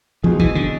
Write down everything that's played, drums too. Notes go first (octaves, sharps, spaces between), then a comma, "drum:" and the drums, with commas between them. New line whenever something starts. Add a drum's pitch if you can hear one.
B2 F3 G#3 C4 D#4 G#4
E3, drum: kick
D3